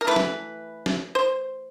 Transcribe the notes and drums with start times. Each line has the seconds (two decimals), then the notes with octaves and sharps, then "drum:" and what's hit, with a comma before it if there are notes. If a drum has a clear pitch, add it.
0.01 A#4
0.07 E3 A3 B4
0.16 drum: snare
0.86 drum: snare
1.15 C5